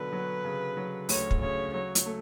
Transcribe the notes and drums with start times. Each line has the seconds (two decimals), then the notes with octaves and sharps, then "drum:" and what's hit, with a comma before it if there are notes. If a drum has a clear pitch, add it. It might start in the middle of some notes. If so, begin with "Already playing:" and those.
Already playing: B2 D3 F#3 B4
0.13 F#3
0.45 C#3
0.77 F#3
1.09 D2 C#5, drum: open hi-hat
1.31 drum: kick
1.42 C#3 C#5
1.73 F#3 C#5
1.95 drum: hi-hat
2.06 A3